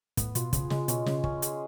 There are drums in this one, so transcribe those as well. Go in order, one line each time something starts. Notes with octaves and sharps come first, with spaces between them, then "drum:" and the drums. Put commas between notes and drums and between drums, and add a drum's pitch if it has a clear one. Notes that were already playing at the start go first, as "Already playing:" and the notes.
A2 B3, drum: kick, hi-hat
B2 F4, drum: hi-hat
C#3 G#4, drum: kick, hi-hat
C#3 G#3, drum: snare
B2 C#4, drum: hi-hat
C#3 G#4, drum: snare
C#4, drum: kick
G#4, drum: hi-hat